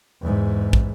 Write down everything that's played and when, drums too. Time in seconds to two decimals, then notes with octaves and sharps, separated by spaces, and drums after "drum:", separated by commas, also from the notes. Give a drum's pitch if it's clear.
0.21 E2 G#2
0.73 drum: kick